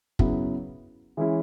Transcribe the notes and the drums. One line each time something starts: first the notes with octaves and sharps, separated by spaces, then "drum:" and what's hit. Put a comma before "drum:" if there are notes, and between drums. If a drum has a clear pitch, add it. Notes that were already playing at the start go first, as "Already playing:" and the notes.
C#3 F#3 B3 E4, drum: kick F#1
E3 G#3 C#4 E4